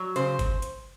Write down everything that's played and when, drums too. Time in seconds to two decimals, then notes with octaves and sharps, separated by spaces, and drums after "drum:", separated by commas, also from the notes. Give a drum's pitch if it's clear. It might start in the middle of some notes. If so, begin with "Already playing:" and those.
Already playing: F#3
0.16 C#3 C5, drum: hi-hat
0.39 drum: kick G1, hi-hat
0.62 drum: hi-hat